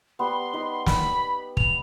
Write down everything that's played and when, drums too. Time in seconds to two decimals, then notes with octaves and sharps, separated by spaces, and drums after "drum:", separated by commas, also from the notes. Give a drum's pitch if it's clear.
0.19 G3 B3 C6
0.54 D#4 B4
0.86 B5, drum: snare
1.57 F7, drum: kick